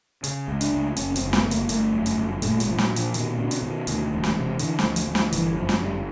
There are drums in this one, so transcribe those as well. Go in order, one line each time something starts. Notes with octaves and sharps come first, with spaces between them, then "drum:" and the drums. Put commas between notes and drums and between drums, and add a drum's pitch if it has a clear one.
C#3, drum: hi-hat
C#2
D4, drum: hi-hat
C#2
F#1 C#4, drum: hi-hat
C4, drum: hi-hat
F#1
B3, drum: snare
F#1 A3
A#3, drum: hi-hat
A#3
G1 A3, drum: hi-hat
F#2
drum: hi-hat
G1
A#2 A3, drum: hi-hat
G#3, drum: hi-hat
A#2 F3
F#3, drum: snare
A#2
F3, drum: hi-hat
B2 D#3, drum: hi-hat
B2 D3
drum: hi-hat
B2 D#3
D2, drum: hi-hat
E1
drum: snare
C3
D3 E3, drum: hi-hat
D2 F3, drum: snare
F3, drum: hi-hat
D2
F3, drum: snare
G1 E3, drum: hi-hat
F#2 F3
drum: snare
G1 G3